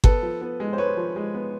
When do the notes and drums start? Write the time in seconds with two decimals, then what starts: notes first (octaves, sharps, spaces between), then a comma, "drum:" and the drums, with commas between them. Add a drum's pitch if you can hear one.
0.04 B3 A4 B4, drum: kick G1
0.22 F3
0.41 B3
0.60 G#3
0.73 C5
0.78 G#3 B4 C#5
0.97 F3
1.16 G#3
1.34 B3